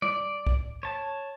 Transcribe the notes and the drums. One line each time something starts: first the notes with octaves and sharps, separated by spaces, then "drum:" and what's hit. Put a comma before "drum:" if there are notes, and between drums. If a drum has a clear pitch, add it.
D5, drum: tom G3
drum: kick
C#5 A5